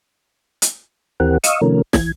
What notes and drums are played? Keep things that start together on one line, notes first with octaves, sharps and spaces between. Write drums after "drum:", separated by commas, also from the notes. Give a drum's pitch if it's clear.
drum: hi-hat
D#2 E3 C4 G4 A#4 F#5
D#5 F5 C#6 D#6 E6, drum: hi-hat
C3 D#3 F3 A3 C#4 A#4
E3 G#6, drum: snare